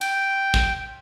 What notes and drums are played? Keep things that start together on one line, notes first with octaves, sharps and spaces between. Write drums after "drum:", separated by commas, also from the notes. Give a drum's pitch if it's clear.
G5, drum: cymbal
drum: kick